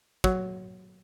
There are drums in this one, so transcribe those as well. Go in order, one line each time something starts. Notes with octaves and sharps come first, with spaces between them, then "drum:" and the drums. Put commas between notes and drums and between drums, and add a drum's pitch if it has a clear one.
F#3, drum: kick